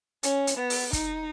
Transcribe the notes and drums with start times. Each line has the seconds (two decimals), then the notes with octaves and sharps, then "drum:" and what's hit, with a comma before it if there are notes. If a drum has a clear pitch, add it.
0.23 C#4, drum: hi-hat
0.47 drum: hi-hat
0.57 B3
0.70 drum: open hi-hat
0.93 D#4, drum: kick, hi-hat